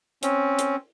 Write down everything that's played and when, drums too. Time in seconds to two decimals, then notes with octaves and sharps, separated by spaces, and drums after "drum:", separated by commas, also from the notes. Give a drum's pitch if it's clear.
0.23 C4 C#4, drum: hi-hat
0.59 drum: hi-hat